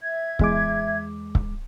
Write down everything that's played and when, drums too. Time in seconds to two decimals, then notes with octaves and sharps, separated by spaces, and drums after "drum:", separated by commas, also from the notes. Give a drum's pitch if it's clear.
0.02 E5 G#6
0.39 E2 G#3 D6, drum: kick C#1
1.35 drum: kick C#1